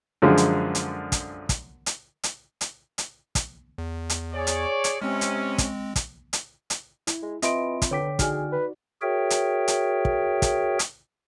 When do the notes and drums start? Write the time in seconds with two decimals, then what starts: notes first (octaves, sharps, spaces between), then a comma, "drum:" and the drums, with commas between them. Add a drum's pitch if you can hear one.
0.22 F#2 D3 F3 G#3 G#4
0.37 drum: hi-hat
0.75 drum: hi-hat
1.12 drum: kick, hi-hat
1.49 drum: kick, hi-hat
1.86 drum: hi-hat
2.24 drum: hi-hat
2.61 drum: hi-hat
2.98 drum: hi-hat
3.35 drum: kick, hi-hat
3.78 E2
4.10 drum: hi-hat
4.34 G#4 C#5 D5
4.47 drum: hi-hat
4.84 drum: hi-hat
5.02 C3 G#3 C4 C#4
5.21 drum: hi-hat
5.58 drum: kick, hi-hat
5.96 drum: kick, hi-hat
6.33 drum: hi-hat
6.70 drum: hi-hat
7.07 E4, drum: hi-hat
7.22 G#3
7.42 E3 C4 F4 D#5 E5 B5 C6 D7, drum: hi-hat
7.82 drum: kick, hi-hat
7.91 D3 B3 C#5 G5 D6 B6
8.19 D#4 F#4 G#4 D5 G#5 F6, drum: kick, hi-hat
8.52 B4
9.02 F#4 G#4 A#4 C#5 E5 G5
9.30 drum: hi-hat
9.68 drum: hi-hat
10.05 drum: kick
10.42 drum: kick, hi-hat
10.79 drum: hi-hat